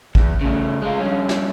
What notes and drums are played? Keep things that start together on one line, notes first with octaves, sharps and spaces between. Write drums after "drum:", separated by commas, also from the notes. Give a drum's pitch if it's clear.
E2, drum: kick
C#3 A3
G#3 F4
G2 C#4
drum: snare